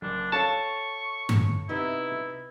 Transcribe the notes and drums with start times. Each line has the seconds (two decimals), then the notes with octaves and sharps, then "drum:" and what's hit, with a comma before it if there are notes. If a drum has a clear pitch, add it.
0.02 F#1 D4
0.32 A4 C#5 F5 A5 C#6
1.29 drum: tom G2
1.69 C3 B3 D#4 E4